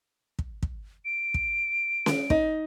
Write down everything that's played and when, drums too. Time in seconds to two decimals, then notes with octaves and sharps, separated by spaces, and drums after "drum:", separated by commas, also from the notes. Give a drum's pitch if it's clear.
0.39 drum: kick
0.63 drum: kick
1.05 D7
1.34 drum: kick
2.06 drum: snare C#4
2.30 D#4, drum: kick